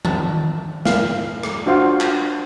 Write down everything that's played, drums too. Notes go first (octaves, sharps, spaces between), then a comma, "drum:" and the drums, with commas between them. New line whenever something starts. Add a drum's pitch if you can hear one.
A5, drum: tom D#3
F5, drum: snare
drum: rim click
D4 F4 F#4 C5 F5
drum: clap